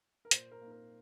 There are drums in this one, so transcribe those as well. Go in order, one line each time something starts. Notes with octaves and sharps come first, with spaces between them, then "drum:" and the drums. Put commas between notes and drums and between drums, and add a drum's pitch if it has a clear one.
A#4
A#2 C5, drum: hi-hat
A#4
A#3 D#4
A#4